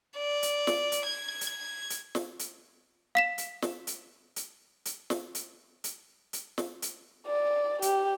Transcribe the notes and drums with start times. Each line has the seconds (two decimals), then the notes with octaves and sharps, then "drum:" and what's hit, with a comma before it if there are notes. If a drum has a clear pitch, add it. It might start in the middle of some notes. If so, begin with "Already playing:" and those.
0.18 D5
0.43 drum: hi-hat
0.67 drum: snare
0.92 drum: hi-hat
1.06 G#6
1.41 drum: hi-hat
1.90 drum: hi-hat
2.15 drum: snare
2.39 drum: hi-hat
3.15 F5 B6 E7
3.38 drum: hi-hat
3.62 drum: snare
3.87 drum: hi-hat
4.36 drum: hi-hat
4.85 drum: hi-hat
5.10 drum: snare
5.35 drum: hi-hat
5.84 drum: hi-hat
6.33 drum: hi-hat
6.58 drum: snare
6.82 drum: hi-hat
7.26 D5
7.82 G4, drum: hi-hat